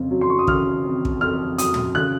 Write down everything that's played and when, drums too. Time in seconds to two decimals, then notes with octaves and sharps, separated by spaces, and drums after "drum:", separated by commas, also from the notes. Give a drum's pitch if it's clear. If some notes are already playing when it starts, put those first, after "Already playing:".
Already playing: F2 C#3 C4
0.11 F#3
0.21 C6
0.30 C#6
0.39 D#6
0.47 C#3 F6, drum: kick
0.85 C4
1.05 drum: kick
1.21 F2 F6
1.58 F#3 D#6, drum: hi-hat
1.74 drum: tom
1.95 C#3 F#6